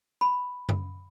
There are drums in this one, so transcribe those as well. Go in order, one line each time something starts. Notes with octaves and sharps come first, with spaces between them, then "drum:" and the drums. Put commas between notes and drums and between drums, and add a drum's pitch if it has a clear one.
B5
drum: tom F#2